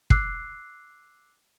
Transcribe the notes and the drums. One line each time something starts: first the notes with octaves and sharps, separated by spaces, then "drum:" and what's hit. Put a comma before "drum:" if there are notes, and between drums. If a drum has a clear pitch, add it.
D6 E6 F#6 C7, drum: kick